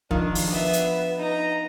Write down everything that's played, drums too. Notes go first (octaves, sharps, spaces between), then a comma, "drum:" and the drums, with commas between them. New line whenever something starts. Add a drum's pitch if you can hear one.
D#3 F3 D4, drum: kick
drum: open hi-hat
B3 E5
drum: hi-hat
D#4 A#5